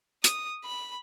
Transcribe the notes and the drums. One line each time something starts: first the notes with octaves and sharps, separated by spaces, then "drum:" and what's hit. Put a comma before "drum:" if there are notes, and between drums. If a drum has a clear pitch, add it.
D#6, drum: hi-hat
B5